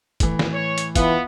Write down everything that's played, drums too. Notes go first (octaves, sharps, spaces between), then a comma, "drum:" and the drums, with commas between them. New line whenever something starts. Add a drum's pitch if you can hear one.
A2 E3, drum: kick, hi-hat
drum: snare
C#5
drum: hi-hat
E3 B3 F4 E5, drum: kick, hi-hat